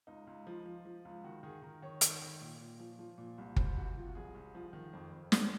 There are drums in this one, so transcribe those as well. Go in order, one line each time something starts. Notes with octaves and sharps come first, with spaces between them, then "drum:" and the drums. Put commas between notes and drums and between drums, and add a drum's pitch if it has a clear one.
C#2 D#4
C#2
F3
F3
F3
C#2
D#3 F#4
D#3 G#4
D#3 A#4
D#3 C#5
D#3, drum: hi-hat
D#3
A#2
A#2
F3
F3
A#2
C2
C2 C5, drum: kick
C3 F#4
F3 F4
F#4
C2 G#4
C2
F3
D#3
F2
F2
D#3, drum: snare